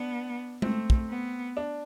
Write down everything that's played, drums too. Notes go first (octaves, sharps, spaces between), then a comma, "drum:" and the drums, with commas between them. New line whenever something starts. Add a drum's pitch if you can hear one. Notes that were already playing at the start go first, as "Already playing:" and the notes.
Already playing: B3 D4
A3 C4, drum: tom G#3
drum: kick
B3
D4